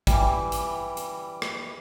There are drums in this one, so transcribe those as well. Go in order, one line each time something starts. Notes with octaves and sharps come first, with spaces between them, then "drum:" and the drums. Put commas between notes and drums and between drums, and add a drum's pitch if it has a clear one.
E3 G3, drum: kick, hi-hat
drum: hi-hat
drum: hi-hat
drum: rim click